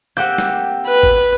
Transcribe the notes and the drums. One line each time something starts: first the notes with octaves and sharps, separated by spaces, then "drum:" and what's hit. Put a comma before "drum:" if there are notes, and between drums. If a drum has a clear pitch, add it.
A#3 C4 G4 F#5 G6
drum: snare
B4
drum: kick